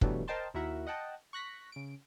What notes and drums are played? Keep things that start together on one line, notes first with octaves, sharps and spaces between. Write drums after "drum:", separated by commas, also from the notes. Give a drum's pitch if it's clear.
G2 B2 E3 F#3 G3 A3, drum: kick
A#4 C5 D#5 G5 A5 C6
D#2 E4 F#4 A#4 E5 F#5
D#5 F#5 G5 A5
C#6 F#6 A#6 B6
C#3 D7